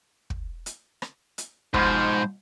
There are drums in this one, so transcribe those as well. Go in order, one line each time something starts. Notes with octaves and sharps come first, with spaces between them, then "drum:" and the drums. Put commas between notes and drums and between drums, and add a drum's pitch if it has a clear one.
drum: kick
drum: hi-hat
drum: rim click
drum: hi-hat
G#2 B2 F3 C5, drum: kick